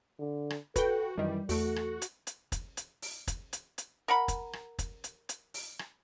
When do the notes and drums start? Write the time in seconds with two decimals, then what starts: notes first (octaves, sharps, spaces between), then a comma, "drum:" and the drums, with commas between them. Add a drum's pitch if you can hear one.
0.19 D3
0.50 drum: rim click
0.76 F#4 A4 B4 G5, drum: kick, hi-hat
1.18 F#2 D#3 E3 G3
1.49 E2 A3 F#4 A4, drum: open hi-hat
1.76 drum: rim click
2.02 drum: hi-hat
2.27 drum: hi-hat
2.52 drum: kick, hi-hat
2.77 drum: hi-hat
3.02 drum: open hi-hat
3.27 drum: kick, hi-hat
3.53 drum: hi-hat
3.78 drum: hi-hat
4.08 A#4 F#5 B5
4.28 drum: kick, hi-hat
4.53 drum: rim click
4.79 drum: kick, hi-hat
5.04 drum: hi-hat
5.29 drum: hi-hat
5.54 drum: open hi-hat
5.79 drum: rim click